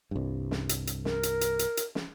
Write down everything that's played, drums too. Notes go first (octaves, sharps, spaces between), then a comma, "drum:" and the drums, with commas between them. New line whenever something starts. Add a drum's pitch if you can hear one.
C2 G2
drum: snare
drum: hi-hat
drum: hi-hat
A#4, drum: snare
drum: hi-hat
drum: hi-hat
drum: hi-hat
drum: hi-hat
drum: snare